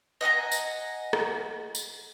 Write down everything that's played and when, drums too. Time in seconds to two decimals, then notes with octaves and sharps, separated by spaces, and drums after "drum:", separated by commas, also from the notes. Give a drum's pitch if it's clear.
0.21 D#5 F#5 G#5 A#5
0.52 drum: tambourine
1.13 drum: rim click
1.75 drum: tambourine